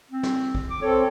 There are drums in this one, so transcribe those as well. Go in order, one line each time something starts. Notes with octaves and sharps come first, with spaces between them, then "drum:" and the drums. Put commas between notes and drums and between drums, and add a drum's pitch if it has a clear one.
C4
drum: snare
drum: kick
D6
C4 A4 C#5